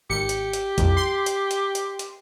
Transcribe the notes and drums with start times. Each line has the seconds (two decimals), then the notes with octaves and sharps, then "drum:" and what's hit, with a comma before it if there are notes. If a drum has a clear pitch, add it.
0.10 G#1 G4 C#7
0.29 drum: hi-hat
0.53 drum: hi-hat
0.78 C2 F2, drum: kick, hi-hat
0.97 C6
1.26 drum: hi-hat
1.51 drum: hi-hat
1.75 drum: hi-hat
1.99 drum: hi-hat